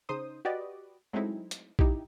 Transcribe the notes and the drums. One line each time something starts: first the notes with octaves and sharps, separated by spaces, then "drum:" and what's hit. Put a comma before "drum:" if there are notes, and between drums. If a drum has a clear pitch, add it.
C#3 D#4 C5 D#6
F#4 G4 B4 D5 D#5
F#3 G#3 A3 C4 D#4 E4
drum: hi-hat
D#4 E4 G4, drum: kick A#1